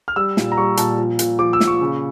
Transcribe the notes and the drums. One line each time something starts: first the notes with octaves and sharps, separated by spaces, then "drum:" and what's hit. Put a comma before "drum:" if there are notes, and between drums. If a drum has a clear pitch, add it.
F6
G3 E6
A#2, drum: snare
A#5
G3 C#6
A#2 A5, drum: hi-hat
F3
A#2, drum: hi-hat
F3 D6
E6
A#2, drum: snare
C#6
C#3